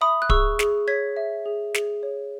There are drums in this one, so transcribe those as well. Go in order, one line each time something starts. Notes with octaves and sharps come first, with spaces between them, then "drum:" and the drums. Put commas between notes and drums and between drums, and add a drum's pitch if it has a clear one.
E5 B5 D#6
F#6
G#4 C#6 E6, drum: kick D1
G#4, drum: snare
C#5 G#6 B6
E5
G#4
G#4, drum: snare
C#5